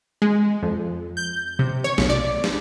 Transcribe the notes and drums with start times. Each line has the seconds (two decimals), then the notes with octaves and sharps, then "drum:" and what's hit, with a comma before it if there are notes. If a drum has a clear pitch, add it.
0.22 G#3
0.63 F2
1.17 G6
1.59 C3
1.84 C#5
1.98 B1, drum: snare
2.10 D5
2.44 drum: snare